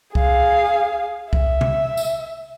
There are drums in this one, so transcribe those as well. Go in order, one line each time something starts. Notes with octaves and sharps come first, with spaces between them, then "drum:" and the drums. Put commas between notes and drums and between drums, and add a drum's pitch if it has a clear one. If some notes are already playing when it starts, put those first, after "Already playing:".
G#4 F5, drum: kick C2
E5, drum: kick C2
drum: tom B2
drum: tambourine